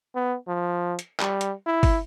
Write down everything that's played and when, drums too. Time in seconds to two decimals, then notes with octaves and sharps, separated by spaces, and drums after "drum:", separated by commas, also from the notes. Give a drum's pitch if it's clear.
0.15 B3
0.48 F3
0.99 drum: hi-hat
1.20 G3, drum: clap
1.41 drum: hi-hat
1.66 E4
1.83 drum: kick G1, open hi-hat